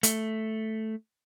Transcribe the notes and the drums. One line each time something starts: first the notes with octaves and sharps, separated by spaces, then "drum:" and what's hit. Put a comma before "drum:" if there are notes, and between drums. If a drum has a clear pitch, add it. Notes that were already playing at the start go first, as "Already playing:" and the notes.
A3, drum: hi-hat